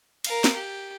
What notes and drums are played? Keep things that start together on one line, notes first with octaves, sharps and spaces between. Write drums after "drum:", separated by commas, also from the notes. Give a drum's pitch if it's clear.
A#4 F5, drum: cymbal
drum: snare
G4